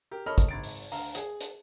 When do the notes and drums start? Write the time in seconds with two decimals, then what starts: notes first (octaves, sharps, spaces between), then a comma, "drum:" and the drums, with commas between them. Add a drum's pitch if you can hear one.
0.11 G4 A#4
0.26 A4 A#4 C#5 D#5 B5 F6
0.38 drum: kick, hi-hat
0.49 G#1 A6 D7
0.63 drum: open hi-hat
0.92 D2 F5 A#5, drum: open hi-hat
1.15 G#4, drum: hi-hat
1.41 drum: hi-hat